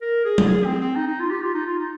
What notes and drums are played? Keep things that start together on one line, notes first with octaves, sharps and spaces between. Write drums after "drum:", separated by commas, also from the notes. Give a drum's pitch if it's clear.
A#4
G#4
drum: tom F#3
G#4
C4
C4
D#4
D#4
F4
G4
F4
D#4
F4
D#4